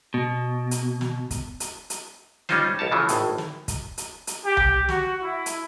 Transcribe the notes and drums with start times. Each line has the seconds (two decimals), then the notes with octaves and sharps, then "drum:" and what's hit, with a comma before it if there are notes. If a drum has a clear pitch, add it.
0.14 B2
0.71 drum: hi-hat
1.01 drum: snare
1.31 drum: kick, hi-hat
1.60 drum: hi-hat
1.90 drum: hi-hat
2.49 G3 C#4 D#4 F4 C5, drum: snare
2.79 B1 G4 C#5 A5
2.92 C#3 E3 F3
3.09 G#1 A2, drum: hi-hat
3.38 drum: snare
3.68 drum: kick, hi-hat
3.98 drum: hi-hat
4.27 drum: hi-hat
4.46 G4
4.57 drum: tom C2
4.89 F#4, drum: snare
5.23 E4
5.46 drum: hi-hat